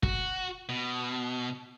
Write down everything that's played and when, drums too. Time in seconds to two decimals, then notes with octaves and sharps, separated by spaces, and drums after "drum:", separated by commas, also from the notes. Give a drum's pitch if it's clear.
0.03 F#4, drum: kick
0.69 B2